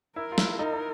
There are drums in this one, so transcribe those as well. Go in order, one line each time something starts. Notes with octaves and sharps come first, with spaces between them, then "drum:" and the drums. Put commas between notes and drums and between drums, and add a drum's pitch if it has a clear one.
E4 A#4
F4
E4, drum: snare
D#4 A#4
D#4